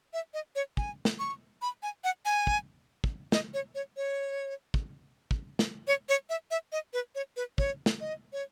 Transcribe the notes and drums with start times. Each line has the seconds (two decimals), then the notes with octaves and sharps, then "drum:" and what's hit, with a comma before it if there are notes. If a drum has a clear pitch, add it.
0.13 E5
0.34 D#5
0.55 C#5
0.77 G#5, drum: kick
1.05 drum: snare
1.19 C#6
1.62 B5
1.83 G#5
2.04 F#5
2.25 G#5
2.47 drum: kick
3.04 drum: kick
3.32 D#5, drum: snare
3.54 C#5
3.75 C#5
3.97 C#5
4.74 drum: kick
5.31 drum: kick
5.59 drum: snare
5.87 C#5
6.09 C#5
6.29 E5
6.51 E5
6.72 D#5
6.93 B4
7.15 C#5
7.37 B4
7.58 C#5, drum: kick
7.86 drum: snare
8.00 D#5
8.33 C#5